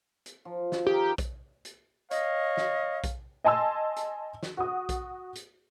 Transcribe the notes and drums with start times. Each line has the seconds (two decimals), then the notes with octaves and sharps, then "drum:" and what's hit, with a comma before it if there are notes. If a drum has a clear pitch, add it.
0.26 drum: hi-hat
0.45 F3
0.72 drum: snare
0.87 D#3 G4 G#4 A#4
1.18 drum: kick A#1, hi-hat
1.65 drum: hi-hat
2.11 C#5 D#5 F5, drum: hi-hat
2.57 drum: snare
3.04 drum: kick A#1, hi-hat
3.44 D#5 G#5 A5 C6 E6
3.96 drum: hi-hat
4.43 drum: snare
4.57 F#4 D#6
4.89 drum: kick A#1, hi-hat
5.35 drum: hi-hat